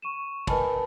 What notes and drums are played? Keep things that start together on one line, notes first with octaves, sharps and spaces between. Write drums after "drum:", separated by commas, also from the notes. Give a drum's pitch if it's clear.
C#6 D#7 E7
A#4 B4 D#5 G#5 A5 B5, drum: kick, cymbal